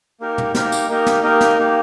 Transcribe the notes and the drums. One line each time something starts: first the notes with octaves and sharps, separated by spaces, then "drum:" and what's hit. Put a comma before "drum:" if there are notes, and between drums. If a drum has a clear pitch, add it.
A#3 D#4 G4 A#4
drum: tom
A#3 D#4 G4 A#4, drum: snare
drum: tambourine
A#3 D#4 G4 A#4 D#5
drum: snare
A#3 D#4 G4 A#4 D#5
drum: snare
A#3 D#4 G4